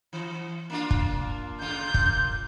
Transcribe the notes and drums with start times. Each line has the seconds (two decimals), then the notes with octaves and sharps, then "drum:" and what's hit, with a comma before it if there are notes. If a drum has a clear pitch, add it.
0.13 E3
0.70 A#3 D4 F4
0.91 drum: kick
1.61 A#2 C#3 F4 G6
1.94 drum: kick